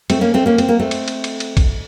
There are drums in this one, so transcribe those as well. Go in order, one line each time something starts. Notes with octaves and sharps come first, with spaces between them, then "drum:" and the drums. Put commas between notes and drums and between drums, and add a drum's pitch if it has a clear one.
A3 C4, drum: cymbal
A#3 C#4
A3 C4
A#3 C#4
C4, drum: cymbal
A#3
A3 C4
drum: cymbal
drum: cymbal
drum: cymbal
drum: cymbal
drum: kick A1, cymbal